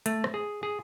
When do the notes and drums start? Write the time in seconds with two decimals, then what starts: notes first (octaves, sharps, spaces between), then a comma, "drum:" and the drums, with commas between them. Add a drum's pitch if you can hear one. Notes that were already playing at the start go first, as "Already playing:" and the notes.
0.06 A3, drum: hi-hat
0.24 drum: rim click
0.34 G#4
0.63 G#4